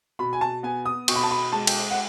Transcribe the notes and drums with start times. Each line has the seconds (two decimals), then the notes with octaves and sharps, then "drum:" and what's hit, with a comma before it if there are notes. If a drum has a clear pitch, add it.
0.19 B2 B5
0.33 G#5
0.41 A5
0.63 B3 G#5
0.85 D#6
1.08 B2 C#6, drum: cymbal
1.15 B5
1.23 A5
1.31 B5
1.52 G#3 A5
1.67 drum: cymbal
1.91 F#5